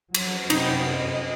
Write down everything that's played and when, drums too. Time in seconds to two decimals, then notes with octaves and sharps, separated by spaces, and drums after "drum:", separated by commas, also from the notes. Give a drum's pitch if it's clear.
0.15 F#3, drum: cymbal
0.50 F#2 C3 G3 B3 D#4, drum: cymbal
0.94 D#5